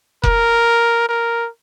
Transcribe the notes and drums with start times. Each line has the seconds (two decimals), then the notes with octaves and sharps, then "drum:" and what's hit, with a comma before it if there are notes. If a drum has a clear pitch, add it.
0.23 A#4, drum: kick F1
1.09 A#4